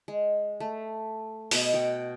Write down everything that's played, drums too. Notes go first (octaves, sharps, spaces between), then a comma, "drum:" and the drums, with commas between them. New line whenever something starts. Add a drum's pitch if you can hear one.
G#3
A3
B2 B4 D#5, drum: open hi-hat
F#4 F#5 G5